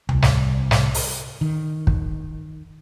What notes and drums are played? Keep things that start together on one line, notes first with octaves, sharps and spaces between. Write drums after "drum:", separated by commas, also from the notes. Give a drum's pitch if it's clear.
C2, drum: tom D2
drum: snare
drum: snare
drum: open hi-hat
D#3
drum: kick